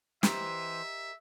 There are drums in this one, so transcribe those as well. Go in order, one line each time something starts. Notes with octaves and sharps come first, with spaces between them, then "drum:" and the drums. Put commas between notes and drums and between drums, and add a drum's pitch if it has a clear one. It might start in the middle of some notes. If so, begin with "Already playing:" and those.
E3 G4 A#4 C5 D#5 E5, drum: snare